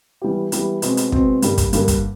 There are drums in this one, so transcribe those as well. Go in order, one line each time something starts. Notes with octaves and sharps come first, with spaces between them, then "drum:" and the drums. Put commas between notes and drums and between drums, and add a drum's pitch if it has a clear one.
E3 G3 B3 E4 G4
E3 G3 B3 E4 G4, drum: hi-hat
B2 G#3 C4, drum: hi-hat
drum: hi-hat
B2 G#3 C4, drum: kick
G2 D3 G3 A#3, drum: hi-hat
drum: kick, hi-hat
G2 D3 G3 A#3, drum: hi-hat
drum: kick, hi-hat